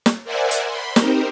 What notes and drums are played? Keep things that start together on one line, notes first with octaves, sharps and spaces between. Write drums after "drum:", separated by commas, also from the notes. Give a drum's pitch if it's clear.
drum: snare
A#4 C5 D5 E5 F#5 G#5
drum: hi-hat
B5 C6
C4 D#4 G4 A#4 C5, drum: snare